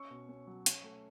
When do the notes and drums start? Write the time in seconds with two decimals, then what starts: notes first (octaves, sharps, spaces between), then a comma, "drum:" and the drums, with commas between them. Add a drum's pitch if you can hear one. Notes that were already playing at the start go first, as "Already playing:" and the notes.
Already playing: C#4 C#6 E6
0.10 B2
0.29 C#4
0.47 F#3
0.66 C#4, drum: hi-hat
0.84 A3